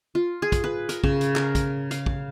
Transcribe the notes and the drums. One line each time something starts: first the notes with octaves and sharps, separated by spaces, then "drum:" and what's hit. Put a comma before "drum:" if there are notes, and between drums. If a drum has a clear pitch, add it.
F4
G#4
drum: kick, hi-hat
B4
A#4, drum: hi-hat
C#3, drum: kick
drum: hi-hat
A#4, drum: clap
drum: kick, hi-hat
F5, drum: hi-hat
drum: kick